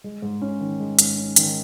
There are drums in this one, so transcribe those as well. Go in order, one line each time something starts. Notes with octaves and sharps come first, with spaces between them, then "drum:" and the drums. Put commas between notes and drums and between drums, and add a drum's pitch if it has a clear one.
G#3
G#2
C#4
D#3
G#3
G#2, drum: hi-hat
C#4
D#3, drum: hi-hat